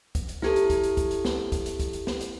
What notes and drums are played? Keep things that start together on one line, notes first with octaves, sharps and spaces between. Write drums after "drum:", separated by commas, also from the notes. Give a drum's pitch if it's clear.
drum: kick, hi-hat
drum: hi-hat
E4 G4 A4, drum: snare
drum: hi-hat
drum: kick, hi-hat
drum: hi-hat
drum: kick, hi-hat
drum: hi-hat
drum: snare
drum: kick, hi-hat
drum: hi-hat
drum: kick, hi-hat
drum: hi-hat
drum: snare
drum: hi-hat